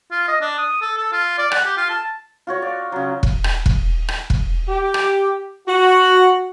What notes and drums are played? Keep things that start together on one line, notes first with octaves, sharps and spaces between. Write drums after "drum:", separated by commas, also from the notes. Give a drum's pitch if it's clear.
F4
D#5
D4
D#6
A4
A4
F4
D5
F#5, drum: rim click
G4
F4
A5
F4 F#4 C#5
D5
C#3 F#3
drum: kick F1
drum: rim click
drum: kick F1
drum: rim click
drum: kick F1
G4
drum: rim click
F#4